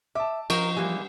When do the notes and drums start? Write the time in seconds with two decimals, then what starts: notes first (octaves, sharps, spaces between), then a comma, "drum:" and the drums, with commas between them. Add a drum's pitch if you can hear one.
0.15 E5 A5 D6
0.50 F3 A#4 D#5 C#6 G6, drum: cymbal
0.76 E3 G3 G#3 A#3